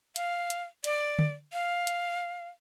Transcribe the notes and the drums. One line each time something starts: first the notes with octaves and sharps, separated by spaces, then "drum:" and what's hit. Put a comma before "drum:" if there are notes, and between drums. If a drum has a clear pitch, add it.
F5, drum: hi-hat
drum: hi-hat
D5, drum: hi-hat
drum: tom D3
F5
drum: hi-hat